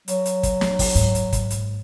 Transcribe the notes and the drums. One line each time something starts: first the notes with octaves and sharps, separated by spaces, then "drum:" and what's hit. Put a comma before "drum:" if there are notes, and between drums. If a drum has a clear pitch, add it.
F#3, drum: hi-hat
drum: hi-hat
drum: kick, hi-hat
drum: snare
drum: kick, open hi-hat
G#2, drum: hi-hat
drum: hi-hat
drum: kick, hi-hat
drum: hi-hat